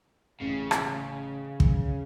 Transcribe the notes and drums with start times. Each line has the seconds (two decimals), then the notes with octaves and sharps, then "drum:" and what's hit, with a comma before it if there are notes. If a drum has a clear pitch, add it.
0.41 A1 C#3
0.71 drum: rim click
1.60 drum: kick